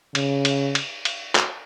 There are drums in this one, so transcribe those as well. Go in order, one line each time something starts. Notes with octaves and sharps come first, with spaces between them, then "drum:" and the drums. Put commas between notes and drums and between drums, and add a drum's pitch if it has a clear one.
C#3, drum: cymbal
drum: cymbal
drum: cymbal
drum: cymbal
drum: clap